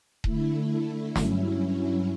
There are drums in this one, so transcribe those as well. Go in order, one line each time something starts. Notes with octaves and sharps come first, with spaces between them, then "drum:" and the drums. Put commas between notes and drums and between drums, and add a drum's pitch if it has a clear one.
D3 A3 E4, drum: kick D#1
G2 F#3 C#4 E4, drum: snare